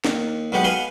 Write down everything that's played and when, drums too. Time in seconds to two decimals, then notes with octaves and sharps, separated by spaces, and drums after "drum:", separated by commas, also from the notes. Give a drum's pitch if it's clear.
0.05 D#2, drum: snare
0.52 B1 G#3 B3 G4 F#5
0.64 B4 F5 F#5 G#5 B5 C6